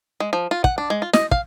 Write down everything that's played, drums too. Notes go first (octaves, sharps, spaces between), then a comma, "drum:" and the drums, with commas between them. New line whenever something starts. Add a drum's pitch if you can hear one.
G#3
F3
F4
F#5, drum: kick
D4
G#3
F4
D#5, drum: snare
F5, drum: kick